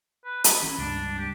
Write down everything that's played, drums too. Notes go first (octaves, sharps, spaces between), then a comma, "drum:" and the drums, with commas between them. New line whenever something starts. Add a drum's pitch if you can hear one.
B4
B5, drum: hi-hat
E3 C#4
C#2 G2 D4
G4